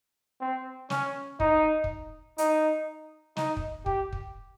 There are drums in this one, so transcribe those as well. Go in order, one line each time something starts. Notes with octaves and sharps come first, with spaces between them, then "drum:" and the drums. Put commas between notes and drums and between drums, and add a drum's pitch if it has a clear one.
C4
C#4, drum: snare
D#4, drum: kick
drum: kick
D#4, drum: hi-hat
D#4, drum: snare
drum: kick
G4, drum: kick
drum: kick